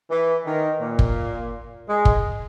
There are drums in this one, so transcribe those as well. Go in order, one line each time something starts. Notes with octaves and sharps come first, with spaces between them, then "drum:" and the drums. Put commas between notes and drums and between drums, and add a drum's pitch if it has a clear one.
E3
D#3
A#2
drum: kick
G#3
drum: kick